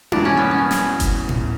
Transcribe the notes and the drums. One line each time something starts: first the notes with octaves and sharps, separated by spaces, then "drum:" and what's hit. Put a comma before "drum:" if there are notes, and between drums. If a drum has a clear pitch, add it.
E2 B2 G3 A#3 D4 E4, drum: tom D#4
C#4
B3
C#4
drum: snare
drum: kick F#1, hi-hat
drum: tom A2